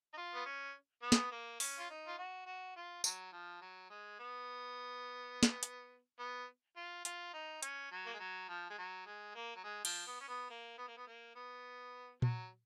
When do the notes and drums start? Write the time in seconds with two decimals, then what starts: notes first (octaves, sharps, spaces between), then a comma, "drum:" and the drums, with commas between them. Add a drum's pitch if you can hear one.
0.14 D#4
0.17 F4
0.35 B3
0.46 C#4
1.03 B3
1.12 drum: snare
1.31 A#3
1.60 C#4, drum: open hi-hat
1.79 F4
1.90 D#4
2.07 F4
2.19 F#4
2.46 F#4
2.76 F4
3.04 F#3, drum: tambourine
3.32 F3
3.61 F#3
3.90 G#3
4.19 B3
5.43 drum: snare
5.63 drum: hi-hat
6.19 B3
6.77 F4
7.05 F4, drum: hi-hat
7.34 D#4
7.63 C#4, drum: hi-hat
7.92 F#3
8.06 A#3
8.14 G#3
8.20 F#3
8.49 F3
8.70 G#3
8.78 F#3
9.06 G#3
9.35 A#3
9.56 F#3
9.64 G#3
9.85 F3, drum: cymbal
10.07 B3
10.21 C#4
10.29 B3
10.50 A#3
10.78 B3
10.88 A#3
10.97 B3
11.07 A#3
11.35 B3
12.22 F#3, drum: tom A#2